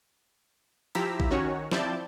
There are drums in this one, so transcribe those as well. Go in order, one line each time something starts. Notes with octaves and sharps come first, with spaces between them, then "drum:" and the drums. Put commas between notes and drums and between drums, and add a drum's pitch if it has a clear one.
F3 E4 G4 A#5 E6 B6, drum: cymbal
drum: kick A#1
D#3 C#4 F#4 C#5
F3 C4 E4 D5 A5 G6, drum: snare